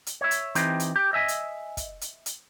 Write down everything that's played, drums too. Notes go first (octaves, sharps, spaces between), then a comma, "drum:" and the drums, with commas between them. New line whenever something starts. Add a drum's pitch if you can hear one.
drum: hi-hat
C#5 E5
drum: hi-hat
E3 C4 D#4 G4, drum: hi-hat
drum: hi-hat
G4
D#5 E5 G#5
drum: hi-hat
drum: kick, hi-hat
drum: hi-hat
drum: hi-hat